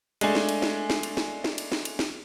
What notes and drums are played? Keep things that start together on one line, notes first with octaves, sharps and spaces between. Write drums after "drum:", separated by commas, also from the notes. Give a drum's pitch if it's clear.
G#3 A3 D4 G#5, drum: cymbal
drum: snare
drum: cymbal
drum: snare
drum: snare
drum: cymbal
drum: snare
drum: snare
drum: cymbal
drum: snare
drum: cymbal
drum: snare